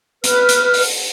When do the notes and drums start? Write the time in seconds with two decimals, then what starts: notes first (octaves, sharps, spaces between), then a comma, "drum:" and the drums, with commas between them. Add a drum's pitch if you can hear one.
0.24 B4 F6, drum: hi-hat
0.49 drum: hi-hat
0.74 drum: open hi-hat